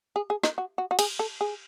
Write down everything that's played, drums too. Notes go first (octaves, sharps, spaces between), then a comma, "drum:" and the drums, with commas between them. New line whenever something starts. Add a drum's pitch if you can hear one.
G#4
G#4
D#4, drum: snare
F#4
F#4
F#4
G#4, drum: cymbal
A4
G#4